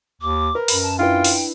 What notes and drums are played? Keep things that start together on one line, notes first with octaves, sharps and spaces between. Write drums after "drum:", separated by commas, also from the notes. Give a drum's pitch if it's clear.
D#2 D6
A#4 B4
F#2 B5, drum: open hi-hat
A5
D4 E4 F4 B4 G5
drum: open hi-hat